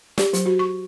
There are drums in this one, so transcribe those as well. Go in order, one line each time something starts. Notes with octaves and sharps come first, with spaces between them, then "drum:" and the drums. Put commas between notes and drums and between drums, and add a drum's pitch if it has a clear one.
G4, drum: snare
F#3, drum: hi-hat
F#4
C#6